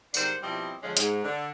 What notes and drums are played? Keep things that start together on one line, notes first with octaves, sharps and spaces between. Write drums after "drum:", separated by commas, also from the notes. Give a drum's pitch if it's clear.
G#2 D#3 G3 D4 C5 F#5, drum: tambourine
B2 F3 G3 C4 E4 D#5
F2 D3 F3 G#3 C#4
G#2, drum: hi-hat
D3